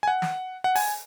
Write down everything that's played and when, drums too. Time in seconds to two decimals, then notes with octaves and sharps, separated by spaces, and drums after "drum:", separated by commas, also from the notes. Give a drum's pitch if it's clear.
0.03 G#5
0.08 F#5
0.22 drum: snare
0.64 F#5
0.76 G#5, drum: open hi-hat